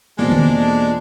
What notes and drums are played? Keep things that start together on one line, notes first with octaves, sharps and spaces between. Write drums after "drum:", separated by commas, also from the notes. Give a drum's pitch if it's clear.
E2 B2 G#3 A#3 C4 D4 F4 A4
drum: tom D3